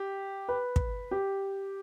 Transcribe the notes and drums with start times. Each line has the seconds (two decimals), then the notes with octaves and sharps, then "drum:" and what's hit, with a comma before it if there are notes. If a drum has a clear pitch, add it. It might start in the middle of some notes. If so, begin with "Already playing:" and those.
Already playing: G4
0.48 B4
0.76 drum: kick
1.11 G4